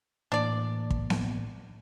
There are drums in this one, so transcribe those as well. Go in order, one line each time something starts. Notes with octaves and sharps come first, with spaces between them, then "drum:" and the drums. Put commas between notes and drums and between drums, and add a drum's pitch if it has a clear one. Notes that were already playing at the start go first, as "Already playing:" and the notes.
A2 E3 A#3 D4 D5
drum: kick
drum: snare B3